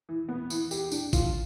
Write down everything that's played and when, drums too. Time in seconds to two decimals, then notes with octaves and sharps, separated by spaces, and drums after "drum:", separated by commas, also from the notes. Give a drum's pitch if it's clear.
0.09 E3
0.29 B3
0.50 E3, drum: tambourine
0.71 G4, drum: tambourine
0.92 D4, drum: tambourine
1.13 F4, drum: kick, tambourine